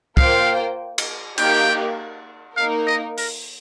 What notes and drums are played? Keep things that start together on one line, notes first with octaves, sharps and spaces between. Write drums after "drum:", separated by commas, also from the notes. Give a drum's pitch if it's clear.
A#3 F4 C5 F5 G5, drum: kick
drum: cymbal
A#3 D#4 G4 G5, drum: cymbal
A#3 D#4 A#4 F5
D#5
A#4, drum: open hi-hat